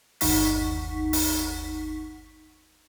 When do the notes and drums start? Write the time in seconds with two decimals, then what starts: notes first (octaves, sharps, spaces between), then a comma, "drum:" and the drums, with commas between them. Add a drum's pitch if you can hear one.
0.21 G1 D#2 D#4 F#5 C#6 B6, drum: open hi-hat
1.13 drum: open hi-hat